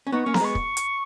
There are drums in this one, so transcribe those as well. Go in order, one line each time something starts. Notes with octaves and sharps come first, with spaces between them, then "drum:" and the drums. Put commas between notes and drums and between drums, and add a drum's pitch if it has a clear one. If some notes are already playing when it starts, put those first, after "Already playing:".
C#4
B3 D#4 C#6
A#3 C#4 C#6
A#5, drum: snare B3
G#3 B3 C#6
drum: kick
drum: hi-hat